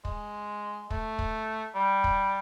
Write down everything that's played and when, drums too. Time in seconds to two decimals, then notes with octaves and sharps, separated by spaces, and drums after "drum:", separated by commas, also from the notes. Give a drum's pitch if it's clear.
0.05 G#3, drum: kick
0.90 A3, drum: kick
1.19 drum: kick
1.75 G3
2.04 drum: kick